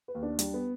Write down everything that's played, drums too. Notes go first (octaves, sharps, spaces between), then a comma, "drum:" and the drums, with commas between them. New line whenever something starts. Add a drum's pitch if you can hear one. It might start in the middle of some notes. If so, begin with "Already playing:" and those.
B4
D#2
D4
G3 D4, drum: hi-hat
B3